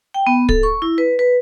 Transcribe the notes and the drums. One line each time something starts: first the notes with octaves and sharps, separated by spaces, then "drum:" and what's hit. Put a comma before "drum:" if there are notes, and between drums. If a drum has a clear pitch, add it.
G5
B3
A4, drum: kick D1
C#6
E4
B4
B4